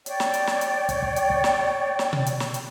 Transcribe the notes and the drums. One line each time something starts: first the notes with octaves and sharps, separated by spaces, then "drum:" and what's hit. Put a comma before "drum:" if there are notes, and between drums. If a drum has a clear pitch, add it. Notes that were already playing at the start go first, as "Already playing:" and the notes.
C#5 D5 G5, drum: hi-hat
drum: snare
drum: hi-hat
drum: snare
drum: hi-hat
drum: kick, hi-hat
drum: kick
drum: hi-hat
drum: kick
drum: snare
drum: snare
drum: tom B2
drum: hi-hat
drum: snare
drum: hi-hat